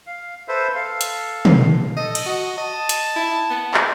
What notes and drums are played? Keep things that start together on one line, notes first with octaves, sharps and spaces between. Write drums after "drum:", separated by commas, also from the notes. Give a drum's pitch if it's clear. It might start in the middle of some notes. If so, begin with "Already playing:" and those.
F5
A4 B4 C5 E5
A4 F5
drum: hi-hat
drum: tom
A4 D#5
drum: cymbal
F#4 D#5
D#5 A5
drum: hi-hat
E4
B3
drum: clap